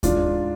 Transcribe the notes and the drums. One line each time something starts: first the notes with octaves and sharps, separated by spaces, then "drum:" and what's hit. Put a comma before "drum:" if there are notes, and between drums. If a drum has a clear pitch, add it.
G#2 D4 F4, drum: kick D#2, hi-hat